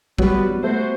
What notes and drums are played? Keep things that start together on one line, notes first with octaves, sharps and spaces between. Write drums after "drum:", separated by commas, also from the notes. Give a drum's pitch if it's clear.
F#3 G3 B3 F#4 B4, drum: kick
A3 B3 F#4 C5